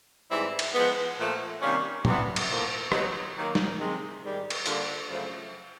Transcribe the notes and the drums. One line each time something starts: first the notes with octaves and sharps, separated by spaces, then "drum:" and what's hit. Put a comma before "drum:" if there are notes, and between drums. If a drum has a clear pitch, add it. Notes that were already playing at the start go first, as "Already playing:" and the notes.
G#2 E3 G3 C4 E4
drum: cymbal
F3 G#3 B3
A#2 F3 A3
C3 D#3 G3 A#3 C#4
C3 E3 G3 B3 E4, drum: tom
drum: cymbal
A2 F3 A#3
A#2 F#3 B3 D#4, drum: rim click
D#3 F#3 A#3
drum: snare
C3 D#3 G#3
G#2 D#3 G3
drum: cymbal
D3 G3 A#3 D4 F4, drum: hi-hat
F#2 C#3 F3 A3